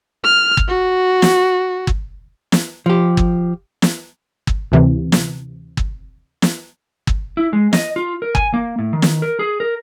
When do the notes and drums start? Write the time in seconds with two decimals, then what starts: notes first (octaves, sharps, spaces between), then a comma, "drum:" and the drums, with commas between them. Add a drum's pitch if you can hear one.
0.24 F6
0.57 drum: kick G1
0.68 F#4
1.22 drum: snare
1.87 drum: kick G1
2.52 drum: snare
2.86 F3 G4
3.17 drum: kick G1
3.82 drum: snare
4.47 drum: kick G1
4.72 D2 C3 E3
5.12 drum: snare
5.77 drum: kick G1
6.42 drum: snare
7.07 drum: kick G1
7.37 E4
7.53 G#3
7.73 D#5, drum: snare
7.96 F4
8.22 A#4
8.35 G#5, drum: kick G1
8.54 A#3
8.79 A2
8.93 D#3
9.02 drum: snare
9.22 A#4
9.39 G#4
9.60 A#4